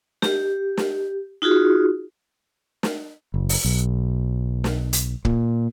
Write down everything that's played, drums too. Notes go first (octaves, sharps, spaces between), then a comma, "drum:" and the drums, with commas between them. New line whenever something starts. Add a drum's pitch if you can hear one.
G4, drum: snare
drum: snare
D#4 F4 F#4 G#4
drum: snare
F#1
drum: open hi-hat
B1
drum: snare
drum: hi-hat
A#2, drum: kick